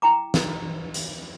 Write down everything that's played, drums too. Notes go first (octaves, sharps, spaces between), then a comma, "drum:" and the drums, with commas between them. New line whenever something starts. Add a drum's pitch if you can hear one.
E4 G5 A#5 D6
drum: snare
drum: hi-hat